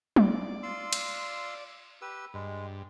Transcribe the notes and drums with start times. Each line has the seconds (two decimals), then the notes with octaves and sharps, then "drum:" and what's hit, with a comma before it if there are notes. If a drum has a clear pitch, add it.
0.16 D5, drum: tom F#3
0.63 F4 C6 E6
0.93 drum: cymbal
2.02 G4 B4 E6
2.34 G2 G#3